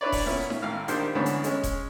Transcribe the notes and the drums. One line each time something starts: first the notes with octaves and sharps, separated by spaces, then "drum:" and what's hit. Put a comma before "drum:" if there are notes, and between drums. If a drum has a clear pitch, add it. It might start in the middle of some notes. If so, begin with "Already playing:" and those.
D4 E4 B4 C#5 D5
drum: kick E1, open hi-hat
A#2 B3 C#4 E4
drum: snare D#4
G#1 A2 F5 F6
A#1 D#3 A#3 D4 G4 C5, drum: hi-hat
D2 G#2 E3 B3 C#4 D4
drum: hi-hat
G#3 C#4, drum: hi-hat
drum: kick E1, hi-hat